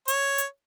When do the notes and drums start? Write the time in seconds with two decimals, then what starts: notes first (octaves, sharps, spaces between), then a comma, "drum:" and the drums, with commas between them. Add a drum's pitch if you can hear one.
0.08 C#5, drum: hi-hat
0.38 drum: hi-hat